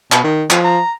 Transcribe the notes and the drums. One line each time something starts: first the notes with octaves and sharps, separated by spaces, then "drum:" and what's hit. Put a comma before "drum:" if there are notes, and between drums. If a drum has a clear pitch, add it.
B2, drum: clap
D#3
F3, drum: clap
A#5